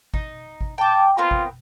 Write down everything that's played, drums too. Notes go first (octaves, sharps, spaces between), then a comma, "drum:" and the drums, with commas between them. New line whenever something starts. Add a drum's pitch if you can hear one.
D#4, drum: kick G#1
drum: kick G#1
G5 A5 D6
B3 C4 F4 A#4
drum: kick G#1